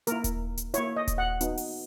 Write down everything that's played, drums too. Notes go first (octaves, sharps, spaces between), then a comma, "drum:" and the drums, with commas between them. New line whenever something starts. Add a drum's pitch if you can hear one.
A#3 E4 A#4, drum: hi-hat
drum: kick D#1, hi-hat
drum: hi-hat
A#3 E4 C#5, drum: hi-hat
D#5
drum: kick D#1, hi-hat
F#5
B3 D#4 F#4, drum: hi-hat
drum: open hi-hat